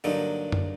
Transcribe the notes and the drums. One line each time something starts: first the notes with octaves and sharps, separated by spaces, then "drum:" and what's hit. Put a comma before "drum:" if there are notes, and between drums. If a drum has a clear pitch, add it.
G2 D3 F#3 A#3 D#4
drum: tom F#2